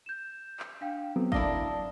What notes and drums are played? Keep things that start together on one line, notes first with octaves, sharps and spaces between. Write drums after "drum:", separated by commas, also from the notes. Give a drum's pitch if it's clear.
G6 E7
drum: clap
D4 F5 G5
F#3 B3 C4 A4
A#3 D4 E4 F5 D#6 A#6 G7, drum: kick G1